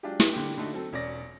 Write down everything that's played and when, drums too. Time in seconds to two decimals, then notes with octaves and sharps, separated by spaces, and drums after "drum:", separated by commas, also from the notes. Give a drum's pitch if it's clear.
0.03 F#3 G#3 D4 F4 G4
0.20 G4 G#4, drum: snare
0.33 D3 A#3 G4
0.57 D3 A3 D#4 F#4
0.73 F#3 C4 A4
0.93 E1 C#4 D5 A#6